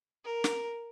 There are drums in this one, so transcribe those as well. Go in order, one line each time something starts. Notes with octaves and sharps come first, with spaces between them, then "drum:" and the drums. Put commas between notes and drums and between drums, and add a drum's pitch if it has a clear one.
A#4
drum: snare